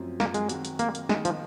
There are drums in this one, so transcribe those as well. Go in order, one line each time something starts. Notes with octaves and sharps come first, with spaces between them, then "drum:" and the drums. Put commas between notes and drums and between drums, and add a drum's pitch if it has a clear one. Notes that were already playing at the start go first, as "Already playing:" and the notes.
Already playing: F#2 F3 C4
A#3, drum: snare
G#3, drum: hi-hat
D#3 F#3 C4 F#4, drum: hi-hat
drum: hi-hat
A#3, drum: hi-hat
drum: hi-hat
D#3 G#3 A#3 D#4 A#4, drum: snare
F3, drum: hi-hat